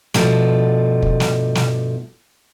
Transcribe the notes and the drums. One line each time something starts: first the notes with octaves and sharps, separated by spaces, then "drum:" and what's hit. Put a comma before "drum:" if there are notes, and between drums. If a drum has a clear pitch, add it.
G2 B2 F3 A3, drum: snare
drum: kick
drum: snare
drum: snare